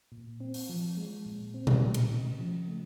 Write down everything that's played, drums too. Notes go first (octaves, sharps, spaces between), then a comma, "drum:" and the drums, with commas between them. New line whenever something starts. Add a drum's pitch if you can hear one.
A#2
C4
drum: open hi-hat
F3
G#3
A#2
C4
drum: tom A#2
A3
drum: cymbal
C#3
F3
A3